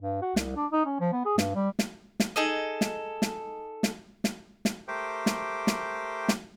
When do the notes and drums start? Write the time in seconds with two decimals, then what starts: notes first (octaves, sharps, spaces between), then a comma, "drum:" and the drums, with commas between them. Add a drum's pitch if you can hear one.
0.01 G2
0.22 F#4
0.36 C2, drum: snare
0.56 D4
0.72 D#4
0.85 C#4
1.00 F3
1.13 B3
1.25 G#4
1.38 G2, drum: snare
1.55 G3
1.79 drum: snare
2.20 drum: snare
2.36 D#4 G#4 A4 D#5
2.81 drum: snare
3.22 drum: snare
3.83 drum: snare
4.24 drum: snare
4.65 drum: snare
4.88 A3 G4 A#4 C5 G5 D6
5.26 drum: snare
5.67 drum: snare
6.28 drum: snare